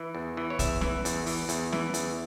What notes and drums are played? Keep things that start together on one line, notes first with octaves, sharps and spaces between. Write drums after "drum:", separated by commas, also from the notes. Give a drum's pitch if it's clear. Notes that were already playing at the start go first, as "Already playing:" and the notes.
Already playing: E3
E2
E3
C#5
E2 E5, drum: kick B1, hi-hat
E3, drum: snare
E2, drum: hi-hat
E3, drum: open hi-hat
E2, drum: hi-hat
E3, drum: snare
E2, drum: hi-hat